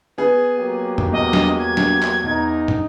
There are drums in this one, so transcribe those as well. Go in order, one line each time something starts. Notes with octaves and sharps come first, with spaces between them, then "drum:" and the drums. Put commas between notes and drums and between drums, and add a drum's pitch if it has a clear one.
B3 G#4 G#5
F#3 A#3 G4
drum: tom
E2 D#5
drum: snare
G#6
drum: snare
drum: clap
E2 D#4
drum: tom